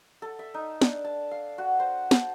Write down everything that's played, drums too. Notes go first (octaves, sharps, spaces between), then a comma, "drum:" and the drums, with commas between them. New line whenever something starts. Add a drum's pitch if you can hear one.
A4
E5
D#4
D4, drum: snare
A5
F5
F#4
C5
A5, drum: snare